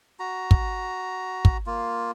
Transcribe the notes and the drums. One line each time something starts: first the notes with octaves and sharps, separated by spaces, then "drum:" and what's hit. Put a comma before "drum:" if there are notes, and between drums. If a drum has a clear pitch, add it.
F#4 A#5
drum: kick
drum: kick
A#3 F4